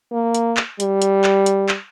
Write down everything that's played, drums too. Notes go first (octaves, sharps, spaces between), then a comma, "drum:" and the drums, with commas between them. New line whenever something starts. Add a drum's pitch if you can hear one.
A#3
drum: hi-hat
drum: clap
G3, drum: hi-hat
drum: hi-hat
drum: clap
drum: hi-hat
drum: clap